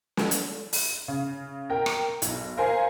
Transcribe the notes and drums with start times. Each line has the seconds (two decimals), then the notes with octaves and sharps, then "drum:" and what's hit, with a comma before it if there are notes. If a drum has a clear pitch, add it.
0.17 drum: snare
0.31 drum: hi-hat
0.73 drum: open hi-hat
1.08 C#3
1.70 A#4 G5
1.86 drum: rim click
2.22 B1, drum: hi-hat
2.57 A#4 C5 F5 G#5